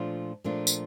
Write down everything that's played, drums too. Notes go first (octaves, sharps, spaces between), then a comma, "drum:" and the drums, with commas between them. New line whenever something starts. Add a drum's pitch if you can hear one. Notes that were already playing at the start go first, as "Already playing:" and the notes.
Already playing: A#2 F3 A3 D4 F4
A#2 F3 A3 D4 F4
drum: tambourine